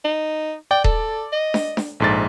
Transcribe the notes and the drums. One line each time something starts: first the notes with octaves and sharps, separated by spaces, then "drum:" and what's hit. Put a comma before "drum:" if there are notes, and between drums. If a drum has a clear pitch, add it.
D#4
D5 G5
A4, drum: kick D#1
D#5
drum: snare D4
drum: snare D4
A#1 G#2 A4 A6